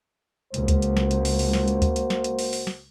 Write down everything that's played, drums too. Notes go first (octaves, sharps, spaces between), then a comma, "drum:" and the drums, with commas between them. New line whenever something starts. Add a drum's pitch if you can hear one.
C#2 A#3 F#4 C5, drum: hi-hat
drum: kick D2, hi-hat
drum: hi-hat
drum: snare
drum: hi-hat
drum: open hi-hat
drum: open hi-hat
drum: snare
drum: hi-hat
drum: kick D2, hi-hat
drum: hi-hat
drum: snare
drum: hi-hat
drum: open hi-hat
drum: open hi-hat
drum: snare